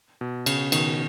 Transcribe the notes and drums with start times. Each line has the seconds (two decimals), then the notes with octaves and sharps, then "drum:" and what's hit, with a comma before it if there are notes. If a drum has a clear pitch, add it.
0.21 B2
0.46 C#3, drum: cymbal
0.72 B2 D#3, drum: cymbal